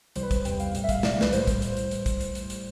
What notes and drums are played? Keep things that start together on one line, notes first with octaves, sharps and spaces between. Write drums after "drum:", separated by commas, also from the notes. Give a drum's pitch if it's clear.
C2 C3 E3 G3 C5, drum: hi-hat
B4
C5, drum: kick, hi-hat
E2 C3 E3 G3 G5, drum: hi-hat
F5, drum: hi-hat
A2 G3, drum: hi-hat
E5
F5, drum: kick, hi-hat
C2 B2 G3 D5, drum: snare
B4, drum: snare
A2 E3 G3 C5, drum: hi-hat
drum: kick, hi-hat
drum: hi-hat
drum: hi-hat
drum: hi-hat
drum: kick, hi-hat
drum: hi-hat
drum: hi-hat
drum: hi-hat